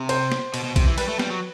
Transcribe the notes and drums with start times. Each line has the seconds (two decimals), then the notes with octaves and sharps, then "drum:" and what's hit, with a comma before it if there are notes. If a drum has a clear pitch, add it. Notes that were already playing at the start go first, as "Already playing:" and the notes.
Already playing: C3
0.09 C5, drum: cymbal
0.32 drum: snare
0.54 B2, drum: cymbal
0.64 B2
0.76 C3, drum: kick B1, cymbal
0.86 E3
0.98 G3 B4, drum: cymbal
1.09 A3
1.19 G3, drum: snare
1.30 F#3